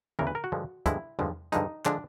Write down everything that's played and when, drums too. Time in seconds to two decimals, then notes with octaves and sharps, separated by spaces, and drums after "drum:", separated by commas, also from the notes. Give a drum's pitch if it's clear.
0.19 E2 C#3 E3 A#4, drum: tom D3
0.27 B4
0.35 A#4
0.44 F#4
0.52 G2 D3 F3 G#3
0.86 G2 D3 F3 G#3 E4, drum: kick, hi-hat
1.19 G2 D3 F3 G#3, drum: tom E2
1.52 G2 D3 F3 G#3 D#4, drum: hi-hat
1.85 D3 F3 G#3 D4, drum: clap